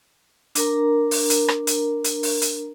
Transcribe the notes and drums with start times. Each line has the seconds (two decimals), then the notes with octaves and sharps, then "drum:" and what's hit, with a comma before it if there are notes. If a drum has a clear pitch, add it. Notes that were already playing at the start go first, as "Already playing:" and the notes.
0.55 D4 A#4 A#5, drum: hi-hat
1.11 drum: open hi-hat
1.30 drum: hi-hat
1.48 drum: rim click
1.67 drum: hi-hat
2.04 drum: hi-hat
2.23 drum: open hi-hat
2.42 drum: hi-hat